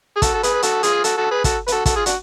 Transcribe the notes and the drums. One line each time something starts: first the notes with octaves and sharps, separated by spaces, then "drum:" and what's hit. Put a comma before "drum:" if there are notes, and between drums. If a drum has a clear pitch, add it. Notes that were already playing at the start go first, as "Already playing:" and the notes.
G#4
F#4 A4, drum: kick, hi-hat
A4
G#4 B4, drum: hi-hat
B4
F#4 A4, drum: hi-hat
F4 G#4, drum: hi-hat
F#4 A4, drum: hi-hat
F#4 A4
G#4 B4
F#4 A4, drum: kick, hi-hat
B4, drum: hi-hat
F#4 A4
F#4 A4, drum: kick, hi-hat
F4 G#4
D4 F#4, drum: hi-hat